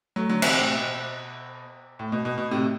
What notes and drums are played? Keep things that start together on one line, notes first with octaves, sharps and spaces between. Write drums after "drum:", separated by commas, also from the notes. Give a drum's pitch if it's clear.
F#3 A3
D3 F#3
C3 E3, drum: cymbal
A2 C3
B2
A2
B2
B2
B2
A2 C3